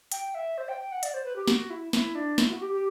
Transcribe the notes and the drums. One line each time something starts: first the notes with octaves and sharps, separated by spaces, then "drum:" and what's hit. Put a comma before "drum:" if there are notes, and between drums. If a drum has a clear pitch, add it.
G5, drum: hi-hat
E5
C5
G5
G5
F#5
D5, drum: hi-hat
C5
B4
G4
F#4, drum: snare
E4
E4, drum: snare
D4
E4, drum: snare
F#4
G4
G4